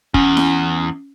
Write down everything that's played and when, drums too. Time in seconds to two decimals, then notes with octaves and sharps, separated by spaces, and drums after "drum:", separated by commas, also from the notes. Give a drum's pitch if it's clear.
0.14 E2 C#4, drum: kick
0.37 drum: snare E4